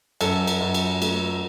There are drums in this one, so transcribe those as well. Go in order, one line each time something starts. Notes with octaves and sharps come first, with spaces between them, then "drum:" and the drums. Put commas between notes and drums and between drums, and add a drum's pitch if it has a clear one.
F#2 A4, drum: cymbal
drum: cymbal
F#2
drum: cymbal
A3, drum: cymbal